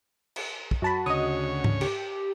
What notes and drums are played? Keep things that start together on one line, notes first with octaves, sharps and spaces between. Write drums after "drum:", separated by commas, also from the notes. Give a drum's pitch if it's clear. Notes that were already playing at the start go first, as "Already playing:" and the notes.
drum: cymbal
drum: kick
F#2 F#4 A5 B5
D2 C#3 C#5 D#5 D#6
drum: tom G#2
G4, drum: cymbal